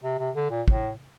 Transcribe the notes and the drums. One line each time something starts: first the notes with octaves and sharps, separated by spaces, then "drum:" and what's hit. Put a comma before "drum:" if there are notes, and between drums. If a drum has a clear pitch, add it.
C3
C3
D3
A#2
A2, drum: kick